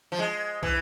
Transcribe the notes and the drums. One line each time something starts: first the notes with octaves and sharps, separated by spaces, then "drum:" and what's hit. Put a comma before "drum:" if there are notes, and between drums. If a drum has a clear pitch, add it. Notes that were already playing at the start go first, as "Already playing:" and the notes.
F3
G#3
E3, drum: kick